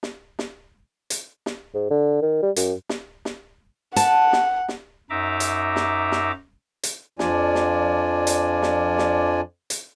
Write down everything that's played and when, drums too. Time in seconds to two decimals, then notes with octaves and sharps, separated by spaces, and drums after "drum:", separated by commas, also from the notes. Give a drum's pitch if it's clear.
0.03 drum: snare
0.39 drum: snare
1.10 drum: hi-hat
1.46 drum: snare
1.74 G#2
1.90 D3
2.22 D#3
2.43 G3
2.56 F#2, drum: hi-hat
2.89 drum: snare
3.25 drum: snare
3.96 F#5 A5, drum: hi-hat
4.33 drum: snare
4.69 drum: snare
5.10 F#2 D#4 E5 A#5 D6
5.40 drum: hi-hat
5.76 drum: snare
6.12 drum: snare
6.83 drum: hi-hat
7.19 F2 F3 D4 F4 D5 G#5, drum: snare
7.55 drum: snare
8.27 drum: hi-hat
8.63 drum: snare
8.98 drum: snare
9.70 drum: hi-hat